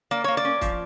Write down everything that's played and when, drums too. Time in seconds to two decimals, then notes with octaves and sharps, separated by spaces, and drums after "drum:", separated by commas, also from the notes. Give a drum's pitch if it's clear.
0.11 A#3 D5
0.24 A#3 C#5
0.37 D5
0.45 C#4
0.61 F3, drum: kick, hi-hat